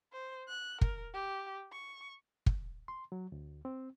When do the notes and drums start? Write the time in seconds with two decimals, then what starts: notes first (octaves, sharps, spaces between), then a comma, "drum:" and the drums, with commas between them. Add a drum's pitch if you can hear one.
0.12 C5
0.48 F#6
0.81 A#4, drum: kick
1.13 G4
1.72 C#6
2.46 drum: kick
2.88 C6
3.12 F#3
3.32 D2
3.65 C4